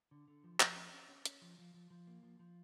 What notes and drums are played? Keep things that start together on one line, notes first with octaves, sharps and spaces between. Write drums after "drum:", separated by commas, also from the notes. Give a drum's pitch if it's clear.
D3
D3
F3
F3, drum: clap
C#4
C#4
C#4
C#4, drum: hi-hat
F3
F3
F3
F3
A#3
F3
F3